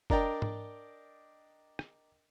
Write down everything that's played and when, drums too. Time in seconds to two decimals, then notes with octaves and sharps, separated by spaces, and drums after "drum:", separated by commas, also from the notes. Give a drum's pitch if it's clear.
0.10 D4 A#4 D5 D#5 G5 A#5, drum: kick
0.42 drum: tom G#2
1.79 drum: rim click